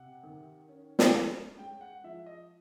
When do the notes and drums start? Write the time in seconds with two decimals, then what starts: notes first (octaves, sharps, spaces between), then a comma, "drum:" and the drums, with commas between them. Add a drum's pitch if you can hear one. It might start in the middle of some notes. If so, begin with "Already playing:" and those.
Already playing: C3 F#5
0.23 D#3
0.68 C#4
0.99 drum: snare
1.13 C#4
1.59 G#3 G5
1.81 F#5
2.04 F3 E5
2.26 D#5